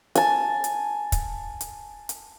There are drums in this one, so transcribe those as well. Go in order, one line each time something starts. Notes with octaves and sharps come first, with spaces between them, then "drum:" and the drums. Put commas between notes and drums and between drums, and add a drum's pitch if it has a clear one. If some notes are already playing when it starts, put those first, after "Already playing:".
G#5 A5, drum: hi-hat
drum: hi-hat
drum: kick, hi-hat
drum: hi-hat
drum: hi-hat